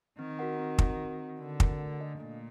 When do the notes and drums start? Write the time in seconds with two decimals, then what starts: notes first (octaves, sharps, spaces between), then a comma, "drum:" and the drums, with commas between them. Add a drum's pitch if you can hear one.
0.19 D#3 C4
0.39 F#4 A#4 F#5
0.59 C4
0.78 F#4 A#4 F#5, drum: kick
0.99 C4
1.19 F#4 A#4 F#5
1.40 D3 C4
1.60 F#4 A#4 F#5, drum: kick
1.80 A3
2.00 D4 A4 D#5
2.20 A#2 A3